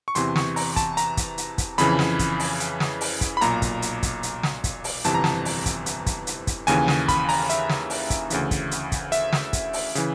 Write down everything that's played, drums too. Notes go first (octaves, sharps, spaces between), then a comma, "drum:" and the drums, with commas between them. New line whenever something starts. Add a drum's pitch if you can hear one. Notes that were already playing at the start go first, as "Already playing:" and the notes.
C#6
E2 C3 E3 C6, drum: hi-hat
C#6, drum: snare
A#5, drum: open hi-hat
A5, drum: kick, hi-hat
A#5, drum: hi-hat
drum: kick, hi-hat
drum: hi-hat
drum: kick, hi-hat
F2 C#3 E3 B5, drum: hi-hat
drum: snare
drum: kick, hi-hat
drum: open hi-hat
drum: hi-hat
drum: snare
drum: open hi-hat
drum: kick, hi-hat
B5
B1 A#2 A#5, drum: hi-hat
drum: kick, hi-hat
drum: hi-hat
drum: kick, hi-hat
drum: hi-hat
drum: snare
drum: kick, hi-hat
drum: open hi-hat
G1 F2 C3 E3 A5, drum: hi-hat
A#5
A5, drum: snare
drum: open hi-hat
drum: kick, hi-hat
drum: hi-hat
drum: kick, hi-hat
drum: hi-hat
drum: kick, hi-hat
D#2 C#3 E3 G#5, drum: hi-hat
drum: snare
B5, drum: kick, hi-hat
A#5, drum: open hi-hat
E5, drum: hi-hat
drum: snare
drum: open hi-hat
drum: kick, hi-hat
D2 C#3 E3, drum: hi-hat
drum: kick, hi-hat
drum: hi-hat
drum: kick, hi-hat
E5, drum: hi-hat
drum: snare
drum: kick, hi-hat
drum: open hi-hat
C#3 E3, drum: hi-hat